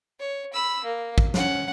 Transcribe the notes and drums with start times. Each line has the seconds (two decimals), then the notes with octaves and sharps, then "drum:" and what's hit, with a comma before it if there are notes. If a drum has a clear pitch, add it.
0.20 C#5
0.53 B5 E6
0.84 A#3
1.18 drum: kick
1.34 C#4 F#5, drum: snare